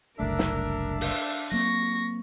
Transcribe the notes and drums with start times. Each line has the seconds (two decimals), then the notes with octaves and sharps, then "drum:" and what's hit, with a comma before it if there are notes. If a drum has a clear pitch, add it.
0.19 F#1 C2 A3 D4 A#4 E5
0.39 drum: snare
1.01 F5, drum: open hi-hat
1.51 F#3 A#3 C4 C#6 A#6